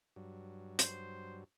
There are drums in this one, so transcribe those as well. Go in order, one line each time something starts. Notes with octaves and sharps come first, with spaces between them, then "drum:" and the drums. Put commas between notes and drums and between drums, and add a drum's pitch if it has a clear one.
G2 F#3
C5, drum: hi-hat